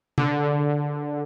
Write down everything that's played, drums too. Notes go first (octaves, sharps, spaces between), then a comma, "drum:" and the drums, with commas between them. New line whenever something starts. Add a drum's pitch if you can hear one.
D3, drum: tom C3